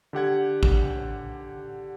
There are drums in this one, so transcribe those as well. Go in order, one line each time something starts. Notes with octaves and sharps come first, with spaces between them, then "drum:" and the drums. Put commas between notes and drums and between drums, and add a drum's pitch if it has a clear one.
D3 G4 F#5 G#6
drum: kick G#1